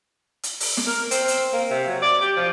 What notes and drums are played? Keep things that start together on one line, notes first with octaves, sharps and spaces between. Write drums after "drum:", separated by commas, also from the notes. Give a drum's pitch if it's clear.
drum: hi-hat
drum: open hi-hat
drum: snare
A#4
C4, drum: hi-hat
drum: hi-hat
A#3
C3
F#3
D5
G4
F3